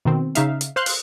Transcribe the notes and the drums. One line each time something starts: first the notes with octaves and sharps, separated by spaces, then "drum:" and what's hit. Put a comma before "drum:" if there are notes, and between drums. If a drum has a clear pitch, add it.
B2 D#3 C4
C#3 D#4 E5 F5, drum: hi-hat
drum: hi-hat
C5 F5 C6 F#6
drum: open hi-hat